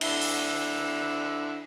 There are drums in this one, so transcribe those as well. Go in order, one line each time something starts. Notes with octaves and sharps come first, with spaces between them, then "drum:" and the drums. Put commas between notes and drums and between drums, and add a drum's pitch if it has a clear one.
D3 E4, drum: cymbal
drum: open hi-hat